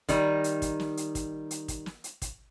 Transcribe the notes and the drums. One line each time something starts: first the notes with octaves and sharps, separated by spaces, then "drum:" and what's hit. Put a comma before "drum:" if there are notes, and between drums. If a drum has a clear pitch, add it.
D#3 G3 D#4, drum: kick, hi-hat
drum: hi-hat
drum: kick, hi-hat
drum: snare
drum: hi-hat
drum: kick, hi-hat
drum: hi-hat
drum: kick, hi-hat
drum: snare
drum: hi-hat
drum: kick, hi-hat